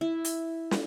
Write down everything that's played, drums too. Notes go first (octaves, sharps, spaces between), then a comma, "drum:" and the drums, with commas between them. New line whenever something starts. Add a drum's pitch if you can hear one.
E4
drum: hi-hat
drum: snare